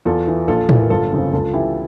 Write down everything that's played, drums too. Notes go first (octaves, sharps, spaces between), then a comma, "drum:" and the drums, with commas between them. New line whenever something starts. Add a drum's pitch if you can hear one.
E2 F4 A4
E3
A#1 F4 A4
A2 E3, drum: tom A2
A#4
G1 F4 A4
F2 C#3 F3
C#2 F4 A4
C#3 E3 E4 G4